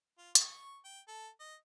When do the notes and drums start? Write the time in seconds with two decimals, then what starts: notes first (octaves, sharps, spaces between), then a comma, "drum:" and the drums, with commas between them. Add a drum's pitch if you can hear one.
0.18 F4
0.35 C#6, drum: hi-hat
0.85 G5
1.08 A4
1.40 D#5